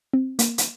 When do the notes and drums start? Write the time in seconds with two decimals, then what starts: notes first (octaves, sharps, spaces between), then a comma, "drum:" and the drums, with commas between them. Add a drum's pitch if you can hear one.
0.13 C4
0.39 A#3, drum: hi-hat
0.58 drum: hi-hat